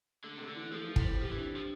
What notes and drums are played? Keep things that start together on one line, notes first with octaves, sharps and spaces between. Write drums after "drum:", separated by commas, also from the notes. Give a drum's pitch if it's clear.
D3 A3
C3 A3
D3
E3
F3 A3
E3
G3, drum: kick
C4
F3 G4
E3 D4
F3 D4